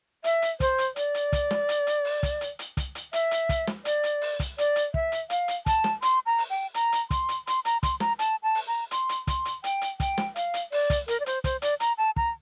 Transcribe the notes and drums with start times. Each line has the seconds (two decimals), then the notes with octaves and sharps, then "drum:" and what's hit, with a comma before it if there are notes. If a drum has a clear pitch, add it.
0.24 E5, drum: hi-hat
0.42 drum: hi-hat
0.60 C5, drum: kick, hi-hat
0.78 drum: hi-hat
0.96 D5, drum: hi-hat
1.14 drum: hi-hat
1.33 drum: kick, hi-hat
1.51 drum: snare
1.69 drum: hi-hat
1.87 drum: hi-hat
2.05 drum: open hi-hat
2.23 drum: kick, hi-hat
2.41 drum: hi-hat
2.59 drum: hi-hat
2.77 drum: kick, hi-hat
2.95 drum: hi-hat
3.13 E5, drum: hi-hat
3.31 drum: hi-hat
3.49 drum: kick, hi-hat
3.67 drum: snare
3.85 D5, drum: hi-hat
4.03 drum: hi-hat
4.22 drum: open hi-hat
4.40 drum: kick, hi-hat
4.58 D5, drum: hi-hat
4.76 drum: hi-hat
4.94 E5, drum: kick
5.12 drum: hi-hat
5.30 F5, drum: hi-hat
5.48 drum: hi-hat
5.66 A5, drum: kick, hi-hat
5.84 drum: snare
6.02 C6, drum: hi-hat
6.26 A#5
6.38 drum: open hi-hat
6.50 G5
6.74 A#5, drum: hi-hat
6.92 drum: hi-hat
7.11 C6, drum: kick, hi-hat
7.29 drum: hi-hat
7.47 C6, drum: hi-hat
7.65 A#5, drum: hi-hat
7.83 C6, drum: kick, hi-hat
8.00 A#5, drum: snare
8.19 A5, drum: hi-hat
8.43 A5
8.55 drum: open hi-hat
8.68 A#5
8.91 C6, drum: hi-hat
9.09 drum: hi-hat
9.27 C6, drum: kick, hi-hat
9.45 drum: hi-hat
9.64 G5, drum: hi-hat
9.81 drum: hi-hat
10.00 G5, drum: kick, hi-hat
10.18 drum: snare
10.36 F5, drum: hi-hat
10.54 drum: hi-hat
10.72 D5, drum: open hi-hat
10.90 drum: kick, hi-hat
11.08 A#4, drum: hi-hat
11.20 D5
11.26 C5, drum: hi-hat
11.44 C5, drum: kick, hi-hat
11.62 D5, drum: hi-hat
11.80 A#5, drum: hi-hat
11.98 A5
12.16 A#5, drum: kick